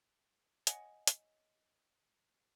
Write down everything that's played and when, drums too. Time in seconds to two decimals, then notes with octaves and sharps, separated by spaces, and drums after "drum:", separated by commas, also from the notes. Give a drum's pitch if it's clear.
0.67 C#5 D#5 F#5 G#5, drum: hi-hat
1.07 drum: hi-hat